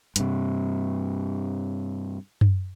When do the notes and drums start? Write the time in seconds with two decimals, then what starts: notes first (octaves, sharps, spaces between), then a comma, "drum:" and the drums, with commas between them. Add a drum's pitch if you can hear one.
0.16 G2 C3, drum: hi-hat
2.41 drum: tom F#2